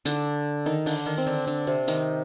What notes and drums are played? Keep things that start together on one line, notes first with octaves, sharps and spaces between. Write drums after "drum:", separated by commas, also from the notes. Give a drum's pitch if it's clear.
D3 D4, drum: hi-hat
D#3 D#4
D3 D4, drum: open hi-hat
D#3 D#4
C4
D3 D4
D3 D4
C3 C4
D#3 D#4, drum: hi-hat